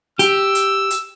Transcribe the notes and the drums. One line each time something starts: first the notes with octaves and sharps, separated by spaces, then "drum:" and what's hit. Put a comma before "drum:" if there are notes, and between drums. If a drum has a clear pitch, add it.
G4 E6, drum: hi-hat
drum: hi-hat
drum: hi-hat